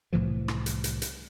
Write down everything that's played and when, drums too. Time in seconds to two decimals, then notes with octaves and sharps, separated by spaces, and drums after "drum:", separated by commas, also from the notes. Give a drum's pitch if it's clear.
0.13 C2 A2 E3 F3
0.48 drum: rim click
0.66 drum: hi-hat
0.84 drum: hi-hat
1.02 drum: hi-hat